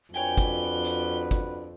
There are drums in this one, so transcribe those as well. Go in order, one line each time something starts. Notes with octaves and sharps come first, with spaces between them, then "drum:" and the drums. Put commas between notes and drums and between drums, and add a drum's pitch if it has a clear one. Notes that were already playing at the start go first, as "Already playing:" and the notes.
F2 D4 F#4 B4 C#5 G5 G#5 G7
drum: kick, hi-hat
drum: hi-hat
drum: kick, hi-hat